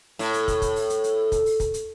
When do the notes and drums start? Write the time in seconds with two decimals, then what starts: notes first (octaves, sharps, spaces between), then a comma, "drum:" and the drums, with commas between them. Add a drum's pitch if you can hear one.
0.19 A2, drum: open hi-hat
0.34 drum: hi-hat
0.48 drum: kick, hi-hat
0.62 drum: kick, hi-hat
0.76 drum: open hi-hat
0.90 drum: hi-hat
1.04 drum: hi-hat
1.32 drum: kick, hi-hat
1.46 drum: open hi-hat
1.60 drum: kick, hi-hat
1.74 drum: hi-hat